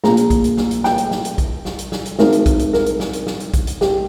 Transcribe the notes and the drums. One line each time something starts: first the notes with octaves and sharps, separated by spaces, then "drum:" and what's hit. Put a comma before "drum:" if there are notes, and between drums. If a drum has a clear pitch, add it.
A#1 A#2 A#5, drum: snare
drum: hi-hat
drum: kick A#1, hi-hat
drum: hi-hat
drum: snare
drum: hi-hat
G5, drum: snare
drum: hi-hat
drum: snare
drum: hi-hat
drum: kick A#1, hi-hat
drum: snare
drum: hi-hat
drum: snare
drum: hi-hat
G#1 G#2 D#3 A#4, drum: snare
drum: hi-hat
drum: kick A#1, hi-hat
drum: hi-hat
A#4, drum: snare
drum: hi-hat
drum: snare
drum: hi-hat
drum: snare
drum: hi-hat
drum: kick A#1, hi-hat
drum: hi-hat
G4, drum: snare